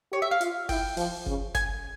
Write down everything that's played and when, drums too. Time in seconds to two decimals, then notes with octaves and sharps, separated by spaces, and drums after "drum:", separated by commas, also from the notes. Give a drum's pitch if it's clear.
0.12 G4 C#5
0.22 E5
0.31 F5
0.41 F4, drum: hi-hat
0.69 E4 G5, drum: kick, open hi-hat
0.97 F3, drum: open hi-hat
1.26 C#3, drum: kick
1.55 G#5, drum: kick, hi-hat